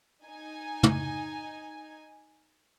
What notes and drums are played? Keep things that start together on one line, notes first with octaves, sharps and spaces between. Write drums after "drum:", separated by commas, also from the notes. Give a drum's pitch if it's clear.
D#4 G#5
drum: tom